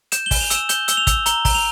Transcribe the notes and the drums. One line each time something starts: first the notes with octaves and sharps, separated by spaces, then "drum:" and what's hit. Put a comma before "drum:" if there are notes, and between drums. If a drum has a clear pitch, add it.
G6 E7, drum: hi-hat
G7
G#5, drum: kick, open hi-hat
F7
E6 E7, drum: hi-hat
G6 G7, drum: hi-hat
E6 G7, drum: hi-hat
F7
E6, drum: kick, hi-hat
A#5 G7, drum: hi-hat
A#5, drum: kick, open hi-hat
F7